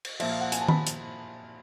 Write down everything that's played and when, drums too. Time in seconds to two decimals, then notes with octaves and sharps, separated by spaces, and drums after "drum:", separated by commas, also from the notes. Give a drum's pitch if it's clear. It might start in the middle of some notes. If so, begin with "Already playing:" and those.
0.05 drum: cymbal
0.20 A#2 F3 E5, drum: cymbal
0.30 F5
0.41 F#5
0.52 G#5, drum: hi-hat
0.61 A5
0.68 B5, drum: tom D#3
0.87 drum: hi-hat